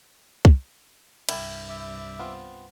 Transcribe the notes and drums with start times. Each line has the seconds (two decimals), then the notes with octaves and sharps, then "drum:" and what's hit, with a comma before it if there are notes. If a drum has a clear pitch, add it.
0.45 drum: kick
1.29 C2 G2 E4 G4 A#4, drum: cymbal
1.69 E5 D6
2.19 B3 C4 F4